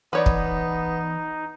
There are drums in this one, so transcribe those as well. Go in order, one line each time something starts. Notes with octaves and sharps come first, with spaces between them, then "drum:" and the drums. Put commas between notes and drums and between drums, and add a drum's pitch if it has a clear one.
E3 B3 D#4 B4 C#5 D5
drum: kick